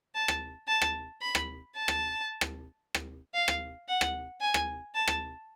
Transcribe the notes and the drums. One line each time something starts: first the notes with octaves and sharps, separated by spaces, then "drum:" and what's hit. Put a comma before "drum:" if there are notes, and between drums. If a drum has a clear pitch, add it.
A5
drum: rim click
A5
drum: rim click
B5
drum: rim click
A5
drum: rim click
drum: rim click
drum: rim click
F5
drum: rim click
F#5
drum: rim click
G#5
drum: rim click
A5
drum: rim click